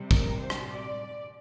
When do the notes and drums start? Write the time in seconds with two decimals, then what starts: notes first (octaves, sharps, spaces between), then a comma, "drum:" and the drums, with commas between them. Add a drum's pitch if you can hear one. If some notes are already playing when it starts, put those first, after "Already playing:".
Already playing: C3 G3
0.11 A#4, drum: kick
0.40 C5
0.50 drum: rim click
0.69 D5